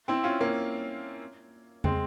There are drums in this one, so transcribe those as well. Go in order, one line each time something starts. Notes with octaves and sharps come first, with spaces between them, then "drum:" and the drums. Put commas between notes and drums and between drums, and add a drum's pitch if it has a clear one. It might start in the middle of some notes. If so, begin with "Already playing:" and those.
C4 E4
C#4 F4
A#3 C#4
G#3 C4, drum: tom